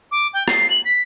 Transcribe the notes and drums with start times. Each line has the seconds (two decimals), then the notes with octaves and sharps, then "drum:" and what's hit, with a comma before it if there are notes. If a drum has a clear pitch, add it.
0.12 D6
0.34 G5
0.48 C7, drum: rim click
0.70 F#7
0.85 B6